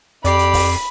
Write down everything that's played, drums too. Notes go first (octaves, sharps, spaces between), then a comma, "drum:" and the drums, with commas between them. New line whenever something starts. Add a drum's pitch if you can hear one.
F2 G4 D5 B5 C7, drum: hi-hat
drum: hi-hat
drum: kick, open hi-hat